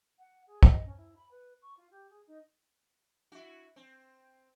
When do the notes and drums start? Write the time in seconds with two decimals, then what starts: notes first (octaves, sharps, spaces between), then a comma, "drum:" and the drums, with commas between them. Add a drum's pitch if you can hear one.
0.18 F#5
0.47 G#4
0.63 D#5, drum: kick
0.85 C#4
0.97 E4
1.16 B5
1.31 B4
1.62 C#6
1.77 F4
1.91 G4
2.10 G#4
2.27 D#4
3.32 E4 F#4
3.76 C4